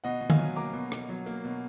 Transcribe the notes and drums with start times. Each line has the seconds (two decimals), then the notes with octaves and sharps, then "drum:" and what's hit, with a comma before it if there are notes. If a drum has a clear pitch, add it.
0.04 B2 D#5 F#5
0.21 B2
0.30 F5 G#5, drum: tom D3
0.39 F#3
0.56 A#3 A#5 D6
0.73 B2
0.92 B2, drum: rim click
1.09 F#3
1.26 A#3
1.45 B2